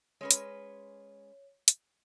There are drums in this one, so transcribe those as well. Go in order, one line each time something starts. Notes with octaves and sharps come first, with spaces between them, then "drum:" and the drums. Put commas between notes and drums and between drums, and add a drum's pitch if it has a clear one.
G#3 C#4 B4 C#5
drum: hi-hat
drum: hi-hat